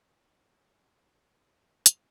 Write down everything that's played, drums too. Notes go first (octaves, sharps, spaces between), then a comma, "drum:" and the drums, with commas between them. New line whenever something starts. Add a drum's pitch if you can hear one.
F#3 C#4 F#4 G#4
B4
C#5
E5
F#5
F#5
G#5
A5
G#5, drum: hi-hat
A5